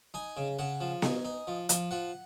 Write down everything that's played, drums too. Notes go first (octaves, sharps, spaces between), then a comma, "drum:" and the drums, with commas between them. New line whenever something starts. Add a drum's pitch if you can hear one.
D#4 G#5
C#3
C#3 F#5
F3
D#4 G#5, drum: snare B3
D#4
F3
F3, drum: hi-hat
F3 F#5